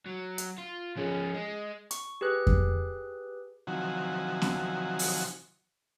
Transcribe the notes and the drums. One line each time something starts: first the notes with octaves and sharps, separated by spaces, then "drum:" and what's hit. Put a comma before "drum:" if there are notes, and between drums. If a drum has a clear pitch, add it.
F#3
drum: hi-hat
F4
F3 C#4 G#4
G#3
C#6, drum: hi-hat
G4 G#4 B4 F#6
drum: kick F2
C3 D#3 F3 F#3 F#4 G#5
drum: snare B3
drum: open hi-hat